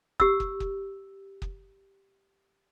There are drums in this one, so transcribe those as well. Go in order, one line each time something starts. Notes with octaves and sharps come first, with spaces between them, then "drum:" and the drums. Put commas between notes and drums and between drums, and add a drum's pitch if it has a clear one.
G4 E6, drum: kick
drum: kick
drum: kick
drum: kick